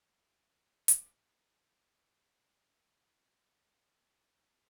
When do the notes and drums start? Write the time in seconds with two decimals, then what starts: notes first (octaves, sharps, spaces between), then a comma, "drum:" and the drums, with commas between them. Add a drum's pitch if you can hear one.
0.24 F#4 G4 A#4 C#5 F5 G5
0.88 drum: hi-hat
3.09 F#5
3.47 A#4
3.77 C6